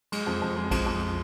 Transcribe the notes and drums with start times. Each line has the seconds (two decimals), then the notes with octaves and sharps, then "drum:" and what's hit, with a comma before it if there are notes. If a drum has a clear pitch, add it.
0.12 G#3, drum: cymbal
0.27 F2
0.42 F2
0.56 G#3
0.71 F2, drum: kick A#1, cymbal
0.86 F2